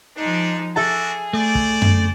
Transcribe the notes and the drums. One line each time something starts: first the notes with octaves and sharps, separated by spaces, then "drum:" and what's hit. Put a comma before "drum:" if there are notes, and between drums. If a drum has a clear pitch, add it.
F3 G#3 D4 D#4
D4 E4 F#4 G#4 A4 E5 A5
A3 C5 D5
drum: kick
drum: tom F#2